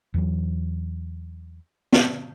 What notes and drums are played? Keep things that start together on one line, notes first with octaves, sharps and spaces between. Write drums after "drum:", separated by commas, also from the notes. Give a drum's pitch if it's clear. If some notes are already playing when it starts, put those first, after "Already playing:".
E2 E3 F#3
drum: snare